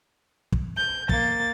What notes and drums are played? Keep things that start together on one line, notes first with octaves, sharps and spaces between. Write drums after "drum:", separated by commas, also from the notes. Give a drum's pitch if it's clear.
drum: kick
G6
A#3 A6, drum: kick